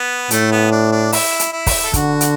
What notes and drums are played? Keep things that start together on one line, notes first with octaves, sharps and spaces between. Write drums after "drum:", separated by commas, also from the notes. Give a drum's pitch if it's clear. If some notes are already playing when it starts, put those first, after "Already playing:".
Already playing: B3
A2 A3, drum: hi-hat
B3
D4
D4
E4, drum: open hi-hat
drum: hi-hat
E4
drum: kick, open hi-hat
A4
D3 F#4, drum: kick, hi-hat
drum: hi-hat